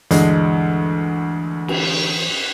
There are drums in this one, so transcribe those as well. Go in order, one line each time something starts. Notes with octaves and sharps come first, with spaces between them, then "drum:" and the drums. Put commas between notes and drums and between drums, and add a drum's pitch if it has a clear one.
D2 G2 E3 G#3, drum: hi-hat
drum: cymbal